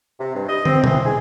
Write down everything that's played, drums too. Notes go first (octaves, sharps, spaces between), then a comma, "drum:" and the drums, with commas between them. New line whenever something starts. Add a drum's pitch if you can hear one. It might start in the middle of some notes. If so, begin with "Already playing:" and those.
C3
G2
D#5
C4, drum: tom
E3, drum: tom B2
G#4